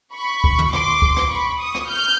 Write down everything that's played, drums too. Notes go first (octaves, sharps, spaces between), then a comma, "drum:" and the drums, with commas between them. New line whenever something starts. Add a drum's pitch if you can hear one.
B5 C#6
drum: kick C#2
drum: tom
C6 D6, drum: rim click
drum: kick C#2
drum: rim click
B5 C#6
C#6 D#6
drum: rim click
F6 G6